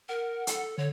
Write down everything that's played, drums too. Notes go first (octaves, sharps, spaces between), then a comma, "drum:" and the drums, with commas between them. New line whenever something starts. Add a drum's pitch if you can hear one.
A#4 F#5
A4, drum: hi-hat
D3 C#5